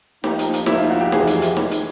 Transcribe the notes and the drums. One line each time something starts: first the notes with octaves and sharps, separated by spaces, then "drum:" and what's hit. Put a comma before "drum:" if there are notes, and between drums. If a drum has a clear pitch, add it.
F3 A#3 D#4 G4, drum: snare D#4
drum: hi-hat
drum: hi-hat
F3 A#3 D#4 E4, drum: snare D#4
F4
F#4
G4
F2 C3 E3 G#4, drum: snare D#4
drum: hi-hat
drum: hi-hat
drum: snare D#4
drum: hi-hat